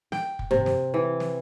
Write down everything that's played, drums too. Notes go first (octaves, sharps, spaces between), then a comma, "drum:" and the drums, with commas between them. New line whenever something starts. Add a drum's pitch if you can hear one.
G5, drum: snare
drum: kick
C3, drum: tom G2
drum: snare
E3
drum: snare